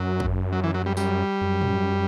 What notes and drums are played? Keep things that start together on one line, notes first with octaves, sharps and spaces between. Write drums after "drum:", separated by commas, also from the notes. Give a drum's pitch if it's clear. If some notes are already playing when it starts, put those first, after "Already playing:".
Already playing: F#2 F#3
drum: kick
F#3
E3
F#3
G3
G3, drum: tambourine
F#2
drum: tom